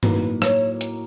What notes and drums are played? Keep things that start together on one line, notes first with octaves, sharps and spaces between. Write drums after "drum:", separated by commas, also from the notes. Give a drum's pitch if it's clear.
A2 F#3 A#3 D#4 B4, drum: tom G2
C#5, drum: rim click
drum: hi-hat